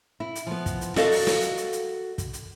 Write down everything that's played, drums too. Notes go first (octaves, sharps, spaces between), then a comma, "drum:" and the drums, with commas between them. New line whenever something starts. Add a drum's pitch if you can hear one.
E4
drum: hi-hat
F3 B3
drum: kick, hi-hat
drum: hi-hat
F#4 A4 A#4 D5 D#5 F5, drum: snare
drum: open hi-hat
drum: snare
drum: hi-hat
drum: hi-hat
drum: hi-hat
drum: kick, hi-hat
drum: hi-hat